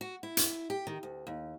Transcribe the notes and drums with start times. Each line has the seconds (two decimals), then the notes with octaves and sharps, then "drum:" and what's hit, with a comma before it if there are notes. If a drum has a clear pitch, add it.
0.01 F#4
0.23 E4
0.37 drum: hi-hat
0.70 G4
0.87 D#3
1.03 D2
1.27 D#2